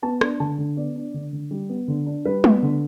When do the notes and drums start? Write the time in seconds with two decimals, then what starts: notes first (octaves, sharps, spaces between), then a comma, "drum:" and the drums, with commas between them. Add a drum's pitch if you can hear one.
0.02 B3 A5
0.21 D4, drum: rim click
0.40 D3 A5
0.58 D3
0.77 B3 D5
0.96 D4
1.14 D3
1.33 D3
1.51 G3
1.69 B3
1.88 D3
2.06 D4
2.25 G3 B4
2.44 B3, drum: tom G3
2.63 D3